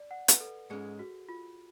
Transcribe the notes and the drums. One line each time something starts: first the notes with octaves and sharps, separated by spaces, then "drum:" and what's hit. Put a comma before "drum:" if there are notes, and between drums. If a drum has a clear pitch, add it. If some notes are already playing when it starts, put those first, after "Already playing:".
Already playing: D5
F#5
B4, drum: hi-hat
A4
G#2 G#3 C#4 G#4
F#4
F4